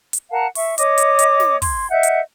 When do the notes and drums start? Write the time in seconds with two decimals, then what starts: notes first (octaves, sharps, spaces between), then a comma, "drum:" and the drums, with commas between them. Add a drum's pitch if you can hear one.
0.13 drum: hi-hat
0.30 A#4 F5 F#5 A5
0.55 E5 C#6, drum: open hi-hat
0.78 C#5 D#5 D6 D#6, drum: hi-hat
0.98 drum: hi-hat
1.19 drum: hi-hat
1.40 drum: snare
1.62 C6 G#6, drum: kick, open hi-hat
1.90 D#5 E5 F#5 G6
2.03 drum: hi-hat